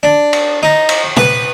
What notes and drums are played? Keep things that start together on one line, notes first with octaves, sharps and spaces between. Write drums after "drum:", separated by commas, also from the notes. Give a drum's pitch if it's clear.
D4
drum: cymbal
D#4
drum: cymbal
B4, drum: tom